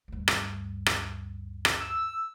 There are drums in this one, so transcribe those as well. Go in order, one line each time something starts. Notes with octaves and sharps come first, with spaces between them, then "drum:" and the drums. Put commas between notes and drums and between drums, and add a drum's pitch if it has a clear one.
D2 G2
drum: rim click
drum: rim click
drum: rim click
E6